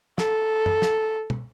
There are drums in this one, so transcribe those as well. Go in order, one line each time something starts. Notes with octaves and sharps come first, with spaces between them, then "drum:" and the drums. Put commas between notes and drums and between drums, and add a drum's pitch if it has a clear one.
A4, drum: snare
drum: tom
drum: snare
drum: tom